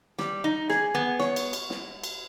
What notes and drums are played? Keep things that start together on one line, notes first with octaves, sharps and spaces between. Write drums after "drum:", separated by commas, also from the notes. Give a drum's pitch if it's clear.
G3, drum: snare
D#4
G#4, drum: snare
B3
C#5, drum: snare
drum: cymbal
drum: cymbal
drum: snare
drum: cymbal